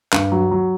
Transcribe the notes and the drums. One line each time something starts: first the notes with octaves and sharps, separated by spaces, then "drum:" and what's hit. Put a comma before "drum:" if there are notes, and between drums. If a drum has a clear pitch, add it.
G2, drum: clap
F#3
F#3